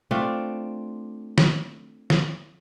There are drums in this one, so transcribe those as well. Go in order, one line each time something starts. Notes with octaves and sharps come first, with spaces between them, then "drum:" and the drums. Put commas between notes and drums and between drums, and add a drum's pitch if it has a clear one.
A3 C4 D4 F4
drum: snare
drum: snare